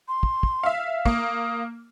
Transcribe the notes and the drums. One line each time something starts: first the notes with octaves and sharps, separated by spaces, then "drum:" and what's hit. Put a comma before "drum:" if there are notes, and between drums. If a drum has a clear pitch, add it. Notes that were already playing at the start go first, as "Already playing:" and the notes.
C6
drum: kick
drum: kick
E5 F5
A#3 D#6, drum: kick